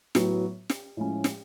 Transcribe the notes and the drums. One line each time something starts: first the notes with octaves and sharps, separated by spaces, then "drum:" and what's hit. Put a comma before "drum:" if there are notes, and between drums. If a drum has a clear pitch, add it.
A2 F#3 B3, drum: snare
drum: snare
A2 F3 G#3 C#4
drum: snare